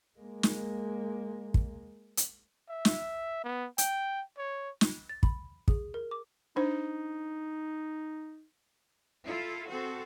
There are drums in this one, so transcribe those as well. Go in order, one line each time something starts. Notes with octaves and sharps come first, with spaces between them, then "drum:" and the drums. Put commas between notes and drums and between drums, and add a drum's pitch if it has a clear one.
G#3 A#3
drum: snare
drum: kick
drum: hi-hat
E5
drum: snare
B3
G5, drum: hi-hat
C#5
drum: snare
A6
B5, drum: kick
G#4, drum: kick
A#4
D6
D4 D#4 C5
E4 F4 A4
C4 F#4 A4